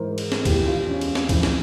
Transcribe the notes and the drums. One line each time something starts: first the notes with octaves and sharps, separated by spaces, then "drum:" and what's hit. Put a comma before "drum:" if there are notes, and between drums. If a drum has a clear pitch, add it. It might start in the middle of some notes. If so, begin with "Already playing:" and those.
Already playing: G#2 E3 A#4 C5
drum: cymbal
drum: snare
E2 E3 G4, drum: kick C#2, cymbal
G4
F4
C#4
drum: cymbal
drum: snare
F2 E3, drum: kick C#2, cymbal
drum: snare